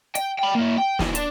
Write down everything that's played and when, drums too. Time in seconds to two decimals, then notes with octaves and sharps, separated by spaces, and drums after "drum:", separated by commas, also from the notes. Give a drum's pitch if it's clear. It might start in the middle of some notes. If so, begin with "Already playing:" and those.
0.15 G5, drum: hi-hat
0.39 G5 B5
0.55 A#3 E4
0.78 G5
0.99 C#3 E3, drum: snare
1.15 D4, drum: hi-hat